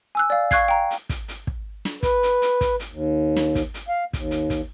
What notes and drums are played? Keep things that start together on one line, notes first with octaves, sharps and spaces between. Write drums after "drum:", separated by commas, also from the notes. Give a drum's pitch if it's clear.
G#5 E6 F#6
D5 F5
F5 C#6 F#6 G#6 C7, drum: kick, hi-hat
G5 A#5
drum: hi-hat
drum: kick, hi-hat
drum: hi-hat
drum: kick
drum: snare
B4, drum: kick, hi-hat
drum: hi-hat
drum: hi-hat
drum: kick, hi-hat
drum: hi-hat
D#2
drum: snare
drum: kick, hi-hat
drum: hi-hat
F5
D#2, drum: kick, hi-hat
drum: hi-hat
drum: kick, hi-hat